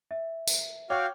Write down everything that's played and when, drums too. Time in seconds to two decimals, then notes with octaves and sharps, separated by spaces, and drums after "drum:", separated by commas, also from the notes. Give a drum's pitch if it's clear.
0.11 E5
0.47 drum: tambourine
0.90 F#4 C#5 F5 G5 D6